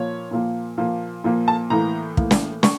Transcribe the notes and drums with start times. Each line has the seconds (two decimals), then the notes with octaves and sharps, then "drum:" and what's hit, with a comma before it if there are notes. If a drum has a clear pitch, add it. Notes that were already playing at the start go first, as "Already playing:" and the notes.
Already playing: A#2 F3 A#3 C#5
0.31 A#2 F3 A#3
0.78 A#2 F3 A#3
1.24 A#2 F3 A#3
1.48 A5
1.70 A2 E3 A#3 A#5
2.17 A2 E3 A#3, drum: kick
2.31 drum: snare
2.63 C#6, drum: snare